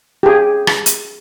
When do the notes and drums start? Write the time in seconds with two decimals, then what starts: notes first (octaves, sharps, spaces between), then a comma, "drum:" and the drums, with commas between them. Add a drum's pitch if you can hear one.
0.23 G4 G#4
0.67 drum: rim click
0.86 drum: hi-hat